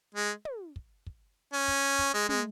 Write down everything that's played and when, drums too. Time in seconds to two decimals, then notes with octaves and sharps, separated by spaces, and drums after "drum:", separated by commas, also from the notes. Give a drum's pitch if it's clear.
0.14 G#3
0.45 drum: tom
0.76 drum: kick
1.07 drum: kick
1.53 C#4
1.68 drum: kick
1.99 drum: kick
2.14 G#3
2.29 G#3, drum: tom